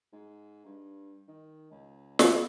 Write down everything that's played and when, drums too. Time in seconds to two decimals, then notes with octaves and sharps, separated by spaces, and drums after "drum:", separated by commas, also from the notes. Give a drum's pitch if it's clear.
0.12 G#2
0.65 G2
1.28 D#3
1.71 C#2
2.19 drum: snare